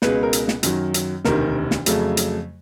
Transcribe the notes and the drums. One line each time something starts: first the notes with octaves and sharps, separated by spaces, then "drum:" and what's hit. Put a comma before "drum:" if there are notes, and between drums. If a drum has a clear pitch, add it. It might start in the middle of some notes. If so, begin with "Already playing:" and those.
C#2 B2 G#3 B4, drum: snare
A#4
drum: hi-hat
drum: snare
F#2 D#3 F#3, drum: hi-hat
drum: hi-hat
E1 D2 C3 D#3 A#4, drum: snare
drum: snare
F2 C#3 F#3 A3, drum: hi-hat
drum: hi-hat